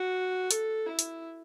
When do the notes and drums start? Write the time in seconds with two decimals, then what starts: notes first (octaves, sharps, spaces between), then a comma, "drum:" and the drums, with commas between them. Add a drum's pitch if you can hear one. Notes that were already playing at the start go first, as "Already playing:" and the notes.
Already playing: F#4
0.51 A4, drum: hi-hat
0.87 E4
0.99 drum: hi-hat